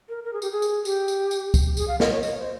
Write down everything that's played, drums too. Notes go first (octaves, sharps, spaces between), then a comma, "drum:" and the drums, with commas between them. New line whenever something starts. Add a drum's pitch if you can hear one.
A#4
A#4
G#4
G4, drum: tambourine
G#4
drum: tambourine
G4, drum: tambourine
drum: tambourine
drum: tambourine
drum: kick, tambourine
G#4, drum: tambourine
F5
D#5, drum: snare
C#5
D#5, drum: tambourine
C5